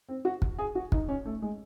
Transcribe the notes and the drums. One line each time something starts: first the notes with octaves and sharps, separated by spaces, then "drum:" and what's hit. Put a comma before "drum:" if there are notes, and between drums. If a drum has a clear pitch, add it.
C4
F#4
drum: kick
G#4
F#4
D#4, drum: kick
C#4
A3
G#3